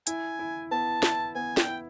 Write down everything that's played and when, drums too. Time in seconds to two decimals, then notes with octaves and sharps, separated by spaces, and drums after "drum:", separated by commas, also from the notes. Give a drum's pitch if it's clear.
0.07 E4 G#5, drum: hi-hat
0.39 E4
0.71 B3 A5
1.03 E4, drum: snare
1.35 B3 G#5
1.57 G5, drum: snare
1.67 E4